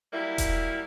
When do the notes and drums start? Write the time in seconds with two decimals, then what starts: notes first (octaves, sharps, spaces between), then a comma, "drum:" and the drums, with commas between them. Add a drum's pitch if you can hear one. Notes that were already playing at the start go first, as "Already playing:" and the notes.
0.13 F#3 G3 A#3 E4
0.38 drum: kick E1, hi-hat